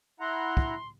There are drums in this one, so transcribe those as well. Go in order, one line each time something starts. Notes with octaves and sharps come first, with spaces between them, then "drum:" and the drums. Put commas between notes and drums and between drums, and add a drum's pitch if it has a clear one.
E4 F#5 A#5 C6
drum: kick